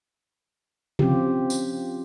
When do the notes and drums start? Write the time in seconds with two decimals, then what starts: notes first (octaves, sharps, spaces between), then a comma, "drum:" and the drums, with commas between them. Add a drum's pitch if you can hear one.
0.99 F3 C4 C#4 F4 G4, drum: tom C3
1.50 drum: tambourine